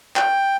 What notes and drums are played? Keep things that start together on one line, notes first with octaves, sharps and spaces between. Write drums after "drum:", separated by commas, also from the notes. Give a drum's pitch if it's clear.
G5, drum: clap